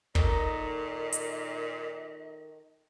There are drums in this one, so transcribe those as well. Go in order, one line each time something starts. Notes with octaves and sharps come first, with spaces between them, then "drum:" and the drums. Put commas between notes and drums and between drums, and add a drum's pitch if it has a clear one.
A#2 D#3 D#4 A4 D#5, drum: kick
drum: hi-hat